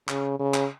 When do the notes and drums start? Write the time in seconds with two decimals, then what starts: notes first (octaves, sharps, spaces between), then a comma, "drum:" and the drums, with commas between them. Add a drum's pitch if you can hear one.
0.09 C#3, drum: clap
0.40 C#3
0.54 drum: clap